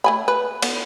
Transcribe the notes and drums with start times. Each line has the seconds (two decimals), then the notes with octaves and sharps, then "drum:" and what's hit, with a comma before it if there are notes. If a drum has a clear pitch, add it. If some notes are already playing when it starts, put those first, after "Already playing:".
0.04 A3 G#5 B5
0.28 B4
0.63 B3, drum: cymbal